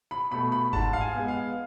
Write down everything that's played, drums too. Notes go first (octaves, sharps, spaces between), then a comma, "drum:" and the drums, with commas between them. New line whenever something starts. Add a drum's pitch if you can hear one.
B5
B2 A3 B5
B5
G#2 A5, drum: kick G1
F5
G#5
G#3 B3
F5